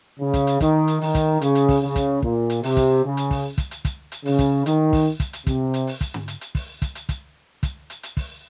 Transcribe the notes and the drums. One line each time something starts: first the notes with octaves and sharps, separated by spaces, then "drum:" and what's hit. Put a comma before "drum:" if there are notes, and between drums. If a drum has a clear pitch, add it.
C#3
drum: kick, hi-hat
drum: hi-hat
D#3, drum: kick, hi-hat
drum: hi-hat
D#3, drum: open hi-hat
drum: kick, hi-hat
C#3, drum: hi-hat
drum: hi-hat
drum: kick, open hi-hat
C#3
drum: kick, hi-hat
A#2, drum: kick
drum: hi-hat
C3, drum: open hi-hat
drum: kick, hi-hat
C#3
drum: hi-hat
drum: kick, open hi-hat
drum: kick, hi-hat
drum: hi-hat
drum: kick, hi-hat
drum: hi-hat
C#3, drum: open hi-hat
drum: kick, hi-hat
D#3, drum: hi-hat
drum: kick, open hi-hat
drum: kick, hi-hat
drum: hi-hat
C3, drum: kick, hi-hat
drum: hi-hat
drum: open hi-hat
drum: kick, hi-hat
drum: tom
drum: hi-hat
drum: hi-hat
drum: kick, open hi-hat
drum: kick, hi-hat
drum: hi-hat
drum: kick, hi-hat
drum: kick, hi-hat
drum: hi-hat
drum: hi-hat
drum: kick, open hi-hat